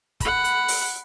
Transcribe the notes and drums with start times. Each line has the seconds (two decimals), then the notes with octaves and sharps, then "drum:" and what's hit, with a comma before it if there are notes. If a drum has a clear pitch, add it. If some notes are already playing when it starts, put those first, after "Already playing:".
0.20 F#5 B5, drum: kick, hi-hat
0.44 drum: hi-hat
0.68 drum: open hi-hat